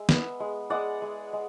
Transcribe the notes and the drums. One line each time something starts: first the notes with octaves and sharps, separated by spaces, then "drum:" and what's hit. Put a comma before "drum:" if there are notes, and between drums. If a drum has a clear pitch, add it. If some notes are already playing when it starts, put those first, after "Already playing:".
Already playing: G#3 E5
B3, drum: snare
G#3
G#3 D5 F#5
G#3
G#3